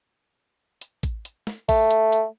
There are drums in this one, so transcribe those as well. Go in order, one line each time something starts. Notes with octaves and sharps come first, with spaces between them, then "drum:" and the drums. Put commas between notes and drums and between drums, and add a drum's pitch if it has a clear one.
drum: hi-hat
drum: kick A1, hi-hat
drum: hi-hat
drum: snare
A3, drum: kick A1, open hi-hat
drum: hi-hat
drum: hi-hat